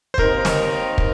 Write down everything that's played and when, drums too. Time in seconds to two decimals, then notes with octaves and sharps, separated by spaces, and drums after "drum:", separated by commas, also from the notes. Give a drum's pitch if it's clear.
0.14 C5
0.18 D#2 D#3 C4 D#4 A#4, drum: kick
0.45 drum: snare
0.98 drum: kick